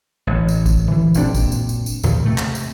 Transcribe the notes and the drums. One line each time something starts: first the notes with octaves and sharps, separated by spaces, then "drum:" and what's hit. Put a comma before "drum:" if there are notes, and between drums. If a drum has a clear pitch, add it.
A1
drum: tambourine
drum: kick, tambourine
E3
F#1 A#2 C4 D4, drum: tambourine
drum: kick, tambourine
drum: tambourine
drum: tambourine
drum: tambourine
D#2 A#2 C#3 F3, drum: tambourine
C3 A3
drum: clap
drum: tambourine